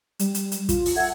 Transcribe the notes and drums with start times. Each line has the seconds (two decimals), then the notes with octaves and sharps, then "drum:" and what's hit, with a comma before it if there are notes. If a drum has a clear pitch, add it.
0.19 G3, drum: hi-hat
0.35 drum: hi-hat
0.52 drum: hi-hat
0.69 F4, drum: kick, hi-hat
0.86 drum: open hi-hat
0.96 A4 E5 F#5 G#6